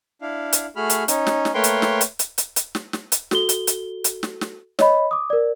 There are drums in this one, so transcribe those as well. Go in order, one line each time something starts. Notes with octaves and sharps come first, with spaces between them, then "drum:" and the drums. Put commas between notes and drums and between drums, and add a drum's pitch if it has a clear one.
D4 E4 F5
drum: hi-hat
A3 F#4 G#4 B5 F6
drum: hi-hat
C#4 D#4, drum: hi-hat
drum: snare
drum: snare
A3 A#3 B4 C#5 G5 C6
drum: hi-hat
drum: snare
drum: hi-hat
drum: hi-hat
drum: hi-hat
drum: hi-hat
drum: snare
drum: snare
drum: hi-hat
F#4 A4 G7, drum: snare
drum: hi-hat
drum: hi-hat
drum: hi-hat
drum: snare
drum: snare
C#5 D#5 B5, drum: snare
D6 D#6
A#4 D5